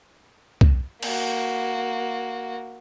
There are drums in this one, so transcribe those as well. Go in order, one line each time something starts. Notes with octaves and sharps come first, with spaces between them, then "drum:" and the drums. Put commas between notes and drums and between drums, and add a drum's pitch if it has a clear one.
drum: kick
A#3 F#4, drum: cymbal